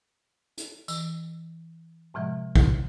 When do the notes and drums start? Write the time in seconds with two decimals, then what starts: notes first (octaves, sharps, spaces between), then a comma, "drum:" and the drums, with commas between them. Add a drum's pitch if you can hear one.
0.57 drum: hi-hat
0.88 E3, drum: tambourine
2.14 A2 C3 F3 G#3 E5
2.55 drum: kick